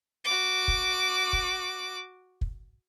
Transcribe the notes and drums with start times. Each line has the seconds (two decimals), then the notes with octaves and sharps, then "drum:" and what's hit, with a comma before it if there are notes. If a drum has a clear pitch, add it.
0.24 F#4 D6
0.68 drum: kick
1.33 drum: kick
2.41 drum: kick